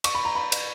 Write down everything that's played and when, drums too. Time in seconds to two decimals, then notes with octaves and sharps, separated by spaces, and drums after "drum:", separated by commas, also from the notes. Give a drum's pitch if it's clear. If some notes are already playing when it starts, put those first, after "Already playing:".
0.04 C#6, drum: cymbal
0.15 B5
0.25 A#5
0.35 B5
0.52 drum: cymbal